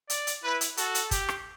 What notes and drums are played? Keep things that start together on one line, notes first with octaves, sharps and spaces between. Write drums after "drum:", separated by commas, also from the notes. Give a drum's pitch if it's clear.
D5, drum: hi-hat
drum: hi-hat
E4 B4
drum: hi-hat
F#4 A4, drum: hi-hat
drum: hi-hat
G4, drum: kick, hi-hat
drum: rim click